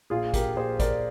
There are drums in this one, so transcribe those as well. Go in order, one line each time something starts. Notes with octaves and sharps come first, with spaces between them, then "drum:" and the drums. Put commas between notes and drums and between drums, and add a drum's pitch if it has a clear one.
A#1 F4 G#4
G4 A#4, drum: kick G#1, hi-hat
A#1 G#4 C5
A#4 D5, drum: kick G#1, hi-hat